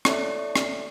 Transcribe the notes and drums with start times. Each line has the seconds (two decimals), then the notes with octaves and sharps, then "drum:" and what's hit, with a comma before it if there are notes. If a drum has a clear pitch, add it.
0.05 E4 A4 C#5 D5 E5, drum: rim click
0.56 drum: rim click